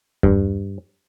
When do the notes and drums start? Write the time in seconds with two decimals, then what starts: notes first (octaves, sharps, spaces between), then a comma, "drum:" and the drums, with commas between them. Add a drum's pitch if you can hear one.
0.23 G2, drum: kick E2